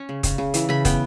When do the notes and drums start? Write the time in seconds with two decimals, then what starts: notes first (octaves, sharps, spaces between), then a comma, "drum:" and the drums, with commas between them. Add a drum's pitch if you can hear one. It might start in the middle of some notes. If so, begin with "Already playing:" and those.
Already playing: C#4 C#6
0.09 C#3
0.23 C#3, drum: kick, hi-hat
0.38 C#3
0.54 E3, drum: hi-hat
0.69 C#3 B5
0.85 B3 G5, drum: kick, hi-hat